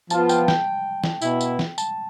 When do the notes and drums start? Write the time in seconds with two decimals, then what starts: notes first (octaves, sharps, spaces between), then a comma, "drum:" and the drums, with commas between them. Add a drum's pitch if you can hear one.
0.10 F3 B3 F4 A5, drum: tambourine
0.29 G5, drum: tambourine
0.48 G5, drum: snare
1.04 drum: snare
1.22 B2 B3 E4, drum: tambourine
1.41 drum: tambourine
1.59 drum: snare
1.78 A5, drum: tambourine